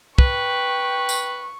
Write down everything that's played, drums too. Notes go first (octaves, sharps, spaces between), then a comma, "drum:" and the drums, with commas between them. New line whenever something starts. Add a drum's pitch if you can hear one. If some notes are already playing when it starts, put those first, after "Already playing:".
B4 G5 C#6, drum: kick
drum: tambourine